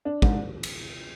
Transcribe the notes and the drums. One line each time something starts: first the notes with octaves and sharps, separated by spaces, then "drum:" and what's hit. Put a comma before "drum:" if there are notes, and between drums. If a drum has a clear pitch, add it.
D4
G#2, drum: kick
drum: cymbal